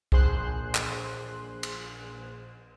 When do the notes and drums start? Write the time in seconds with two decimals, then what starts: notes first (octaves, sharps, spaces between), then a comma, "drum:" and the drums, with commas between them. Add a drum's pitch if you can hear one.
0.12 A#1 G#4 C5 C6 F#6, drum: kick
0.75 drum: clap
1.63 drum: cymbal